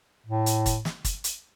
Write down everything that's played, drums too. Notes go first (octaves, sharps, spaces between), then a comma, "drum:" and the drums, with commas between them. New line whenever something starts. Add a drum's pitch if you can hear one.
A2
drum: hi-hat
drum: kick, hi-hat
drum: snare
drum: kick, hi-hat
drum: hi-hat